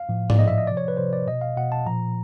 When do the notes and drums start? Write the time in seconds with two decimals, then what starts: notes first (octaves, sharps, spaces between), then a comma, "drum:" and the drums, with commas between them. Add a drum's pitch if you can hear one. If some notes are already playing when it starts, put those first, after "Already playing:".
Already playing: F5
0.09 A2 F3
0.30 D5, drum: tom G#2
0.38 A2 F3 D#5
0.48 E5
0.58 D#5
0.67 C3 F3 D5
0.77 C#5
0.88 B4
0.97 C3 F3 C5
1.13 D5
1.28 B2 D#5
1.41 F5
1.57 B2 F#5
1.72 A5
1.86 A#2 F3 A#5